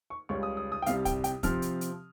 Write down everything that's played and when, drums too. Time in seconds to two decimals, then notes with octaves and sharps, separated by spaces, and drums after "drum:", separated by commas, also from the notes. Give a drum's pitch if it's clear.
0.10 C#6
0.29 C#2 C#3 G3 C#4 C#6
0.43 D#6
0.57 D#6
0.72 D#6
0.82 G5
0.86 C2 C3 G3 F5, drum: hi-hat
1.05 G5, drum: kick, hi-hat
1.24 G5, drum: hi-hat
1.43 C3 F3 C4 F6, drum: kick, hi-hat
1.62 drum: hi-hat
1.81 drum: hi-hat